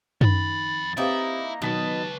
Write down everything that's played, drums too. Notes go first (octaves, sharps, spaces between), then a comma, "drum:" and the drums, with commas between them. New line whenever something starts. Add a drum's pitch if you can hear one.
F2 D#3 B5 A6, drum: tom F#2
A#3 C4 D#4 E4 G4 B4
C#2 B2 D#3 F#3 B4 A5 B6